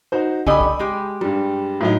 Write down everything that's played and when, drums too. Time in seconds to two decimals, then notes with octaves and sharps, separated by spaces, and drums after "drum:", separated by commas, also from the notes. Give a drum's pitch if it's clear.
0.12 D#4 F#4 C5
0.47 D3 G4 D#5 G#5 B5, drum: kick
0.61 drum: kick
0.79 G#3 G4
1.21 G2 G3, drum: tom G3
1.81 A2 F#3 D#4